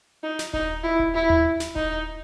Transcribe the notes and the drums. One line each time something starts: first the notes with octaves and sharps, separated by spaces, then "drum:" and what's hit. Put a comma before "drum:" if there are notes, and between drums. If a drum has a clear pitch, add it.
D#4
drum: snare
D#4, drum: kick D#1
E4
drum: kick D#1
E4
drum: tom D#2
drum: snare
D#4, drum: kick D#1